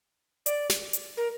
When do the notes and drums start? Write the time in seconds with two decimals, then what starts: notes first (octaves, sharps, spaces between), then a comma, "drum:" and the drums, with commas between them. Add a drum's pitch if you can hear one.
0.46 D5, drum: hi-hat
0.70 drum: snare
0.93 drum: hi-hat
1.17 A#4